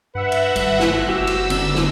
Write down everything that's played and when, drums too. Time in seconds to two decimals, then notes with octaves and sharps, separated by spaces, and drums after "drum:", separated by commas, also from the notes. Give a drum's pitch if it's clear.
0.15 G2 B4 E5 F#5
0.32 drum: cymbal
0.56 G#1 G3, drum: cymbal
0.80 drum: snare
1.09 F#1 F#4 G4 E6
1.27 drum: cymbal
1.50 D3 B3 D4, drum: cymbal
1.75 drum: snare